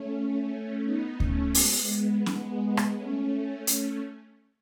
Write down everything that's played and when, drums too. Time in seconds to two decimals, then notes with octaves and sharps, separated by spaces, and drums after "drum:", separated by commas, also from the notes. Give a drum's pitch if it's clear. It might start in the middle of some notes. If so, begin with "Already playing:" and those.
Already playing: A3 C#4
0.84 B3 D#4
1.20 A3 C#4, drum: kick D2
1.54 G#3 B3, drum: open hi-hat
2.26 G#3 B3, drum: snare
2.77 drum: rim click
2.96 A3 C#4
3.67 A3 C#4, drum: hi-hat